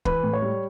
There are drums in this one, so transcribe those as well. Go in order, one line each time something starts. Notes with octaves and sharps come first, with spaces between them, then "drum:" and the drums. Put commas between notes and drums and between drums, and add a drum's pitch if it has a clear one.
E3 B4, drum: kick
A2
C#5
G3